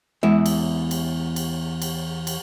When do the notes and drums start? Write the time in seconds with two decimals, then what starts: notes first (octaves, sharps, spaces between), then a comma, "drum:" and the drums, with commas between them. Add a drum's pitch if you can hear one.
0.23 E2 G#3 E4
0.46 drum: cymbal
0.91 drum: cymbal
1.36 drum: cymbal
1.82 drum: cymbal
2.27 drum: cymbal